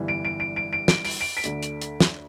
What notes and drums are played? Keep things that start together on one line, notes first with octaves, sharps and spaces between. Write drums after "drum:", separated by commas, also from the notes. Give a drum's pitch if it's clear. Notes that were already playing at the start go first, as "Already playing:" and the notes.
Already playing: G1 G2 E3
D7
D7
D7
D7
D7
D7, drum: snare
D7, drum: open hi-hat
D7
B6 D7
D2 D3 A3 D4, drum: hi-hat
drum: hi-hat
drum: hi-hat
drum: snare